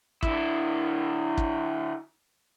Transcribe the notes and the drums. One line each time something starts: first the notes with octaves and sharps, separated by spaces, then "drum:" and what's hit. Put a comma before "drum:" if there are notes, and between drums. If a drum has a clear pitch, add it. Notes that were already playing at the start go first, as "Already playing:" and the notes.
D3 E4, drum: kick
drum: kick